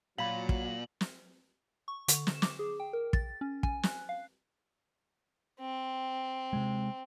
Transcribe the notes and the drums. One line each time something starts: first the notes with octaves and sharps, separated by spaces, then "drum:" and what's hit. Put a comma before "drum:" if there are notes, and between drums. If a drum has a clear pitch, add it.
A#2 F#3 F5 B5 F#7
drum: kick
drum: snare
C#6
D3, drum: hi-hat
E7, drum: snare
D6, drum: snare
G#4
G5
A#4
A6, drum: kick
C#4
G#5, drum: kick
F#6, drum: snare
F5
C4
C3 G#3